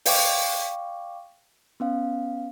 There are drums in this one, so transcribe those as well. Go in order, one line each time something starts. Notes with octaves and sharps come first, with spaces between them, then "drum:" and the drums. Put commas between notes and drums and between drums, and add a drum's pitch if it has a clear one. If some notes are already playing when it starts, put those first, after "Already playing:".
D5 F5 G5 C#6 D6, drum: open hi-hat
B3 C#4 F5